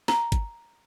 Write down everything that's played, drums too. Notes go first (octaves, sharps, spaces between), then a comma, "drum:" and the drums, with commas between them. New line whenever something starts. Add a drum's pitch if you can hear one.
A#5, drum: snare
drum: kick, hi-hat